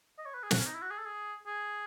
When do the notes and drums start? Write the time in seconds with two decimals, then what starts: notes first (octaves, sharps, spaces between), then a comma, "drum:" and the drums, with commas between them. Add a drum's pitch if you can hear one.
0.18 D#5
0.26 C#5
0.34 B4
0.43 G#4
0.51 F#4, drum: snare
0.58 C#4
0.66 D#4
0.75 E4
0.82 F#4
0.90 G#4
0.99 A4
1.06 G#4
1.46 G#4